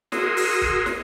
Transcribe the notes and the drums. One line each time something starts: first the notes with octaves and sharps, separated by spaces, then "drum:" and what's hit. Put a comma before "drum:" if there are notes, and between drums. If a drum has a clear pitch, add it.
F#4 G#4 A#4 C6 D#6 E6, drum: snare
drum: open hi-hat
drum: kick
drum: snare